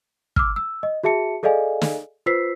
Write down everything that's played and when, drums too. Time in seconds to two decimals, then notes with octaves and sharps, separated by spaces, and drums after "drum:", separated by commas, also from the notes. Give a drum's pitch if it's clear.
0.36 D6 E6 F6, drum: kick
0.56 E6
0.83 D#5
1.03 F#4 G#4 E5 A5 C#7
1.43 G#4 A4 D5 D#5 F5 G#5
1.81 drum: snare
2.26 F4 B4 C5 E6 B6 C7